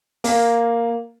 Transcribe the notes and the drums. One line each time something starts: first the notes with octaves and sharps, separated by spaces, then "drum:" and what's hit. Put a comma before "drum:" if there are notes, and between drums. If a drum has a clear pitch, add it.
A#3, drum: open hi-hat